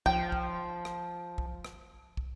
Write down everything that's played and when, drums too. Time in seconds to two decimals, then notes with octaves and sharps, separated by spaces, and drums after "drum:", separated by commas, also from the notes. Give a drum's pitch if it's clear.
0.06 F3 G5, drum: kick
0.32 drum: kick
0.85 drum: rim click
1.38 drum: kick
1.65 drum: rim click
2.17 drum: kick